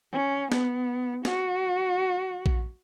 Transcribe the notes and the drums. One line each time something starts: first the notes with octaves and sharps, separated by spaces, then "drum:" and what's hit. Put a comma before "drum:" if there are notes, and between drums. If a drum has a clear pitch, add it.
C#4
B3, drum: snare
F#4, drum: snare
drum: kick A#1